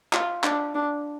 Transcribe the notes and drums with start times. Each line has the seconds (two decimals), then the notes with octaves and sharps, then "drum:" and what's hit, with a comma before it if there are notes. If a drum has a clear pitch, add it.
0.13 F4, drum: clap
0.44 D4, drum: clap
0.75 D4